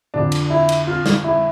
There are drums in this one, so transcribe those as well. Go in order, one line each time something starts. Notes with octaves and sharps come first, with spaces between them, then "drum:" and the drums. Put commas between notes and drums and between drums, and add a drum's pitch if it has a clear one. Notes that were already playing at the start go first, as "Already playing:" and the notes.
F2 D3 F3 D4
drum: cymbal
E4
drum: cymbal
F4
drum: snare
E4